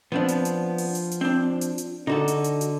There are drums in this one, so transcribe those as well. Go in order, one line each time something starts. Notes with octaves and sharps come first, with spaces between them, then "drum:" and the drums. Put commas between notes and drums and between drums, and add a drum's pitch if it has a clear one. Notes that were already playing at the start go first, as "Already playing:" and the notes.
F3 B3 C4 D4
drum: hi-hat
drum: hi-hat
drum: open hi-hat
drum: hi-hat
drum: hi-hat
C4 D4
drum: hi-hat
drum: hi-hat
D3 D#4 F#4 A4
drum: hi-hat
drum: hi-hat
drum: hi-hat